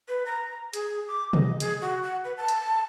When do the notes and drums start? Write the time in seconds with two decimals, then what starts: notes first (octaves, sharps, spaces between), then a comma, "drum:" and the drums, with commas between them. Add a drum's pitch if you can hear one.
0.08 B4
0.26 A#5
0.73 G#4, drum: hi-hat
1.08 D6
1.33 D#5, drum: tom
1.60 G#4, drum: hi-hat
1.81 F#4
2.03 F#5
2.25 B4
2.37 A5
2.48 drum: hi-hat